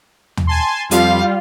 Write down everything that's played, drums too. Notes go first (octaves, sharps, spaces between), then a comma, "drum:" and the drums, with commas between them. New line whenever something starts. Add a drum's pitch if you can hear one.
drum: tom
G#5 A5 C6
F2 G3 F4 F5, drum: hi-hat